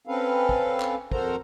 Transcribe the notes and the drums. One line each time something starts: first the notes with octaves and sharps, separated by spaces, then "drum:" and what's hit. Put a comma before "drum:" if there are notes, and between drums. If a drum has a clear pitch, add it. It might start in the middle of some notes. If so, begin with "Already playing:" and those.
C4 C#4 A4 B4 F5
drum: kick
drum: clap
F2 F#4 A4 A#4 C5 A#5, drum: kick